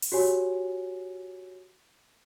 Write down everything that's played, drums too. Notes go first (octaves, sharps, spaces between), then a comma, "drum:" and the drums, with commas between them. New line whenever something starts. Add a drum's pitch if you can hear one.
drum: open hi-hat
F#4 G4 C#5 G#5